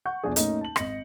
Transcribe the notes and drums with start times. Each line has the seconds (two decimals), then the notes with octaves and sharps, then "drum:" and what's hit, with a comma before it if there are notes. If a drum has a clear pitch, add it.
0.05 F#5 C#6 G6
0.23 B1 E2 B2 F3 D4 G#4
0.36 A2 A3 A#3 C#4 D#4 A4, drum: hi-hat
0.61 A5 F#7
0.76 G#1 D#5 A#6 C#7, drum: rim click